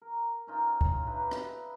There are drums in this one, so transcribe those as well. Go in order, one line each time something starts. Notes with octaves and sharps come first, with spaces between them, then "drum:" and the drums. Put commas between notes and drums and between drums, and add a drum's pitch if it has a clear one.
A#4
C#4 D#4 F4
drum: kick
D4 D#4 B4 E5
drum: rim click